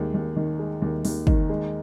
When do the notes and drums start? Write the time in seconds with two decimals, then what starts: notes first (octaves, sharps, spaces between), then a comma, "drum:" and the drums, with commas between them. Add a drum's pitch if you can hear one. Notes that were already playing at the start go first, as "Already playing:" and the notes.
Already playing: D#2 G#3
0.14 D#2
0.36 D#3
0.59 G#3
0.82 D#2
1.05 D#2, drum: open hi-hat
1.27 D#3, drum: kick
1.49 G#3